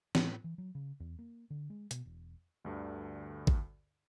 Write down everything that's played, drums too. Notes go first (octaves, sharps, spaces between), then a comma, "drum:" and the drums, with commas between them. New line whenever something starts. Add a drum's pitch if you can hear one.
A2, drum: snare
E3
F#3
C#3
E2
A#3
D3
G#3
B2, drum: hi-hat
E1
D2 G2 D3
drum: kick G#1